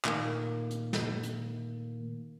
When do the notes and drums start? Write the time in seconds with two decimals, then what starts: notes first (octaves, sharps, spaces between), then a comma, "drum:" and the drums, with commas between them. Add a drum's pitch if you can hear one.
0.05 A#2 D#3 A3 A#3, drum: clap
0.70 drum: hi-hat
0.93 drum: snare
1.23 drum: hi-hat